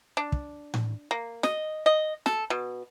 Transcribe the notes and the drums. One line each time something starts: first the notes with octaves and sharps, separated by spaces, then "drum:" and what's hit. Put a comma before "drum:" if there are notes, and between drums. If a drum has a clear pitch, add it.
D4
drum: kick
drum: tom A2
A#3
D#5, drum: snare
D#5
A4, drum: snare
B2